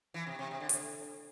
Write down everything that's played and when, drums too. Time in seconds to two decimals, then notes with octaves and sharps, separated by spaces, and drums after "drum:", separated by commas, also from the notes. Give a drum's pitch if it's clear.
0.14 E3
0.27 C3
0.39 C3
0.51 C3
0.60 D3
0.69 A2, drum: hi-hat